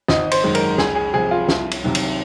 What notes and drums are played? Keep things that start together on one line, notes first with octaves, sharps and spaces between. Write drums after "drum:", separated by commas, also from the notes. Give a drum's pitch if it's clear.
G#1 D#5, drum: snare
C5, drum: cymbal
F#2 D#3 G#3
A#4, drum: cymbal
C#2 G#4, drum: snare
G#4
C3 F3 G#4
F4
C2, drum: snare
drum: cymbal
C3 D#3 F#3
drum: cymbal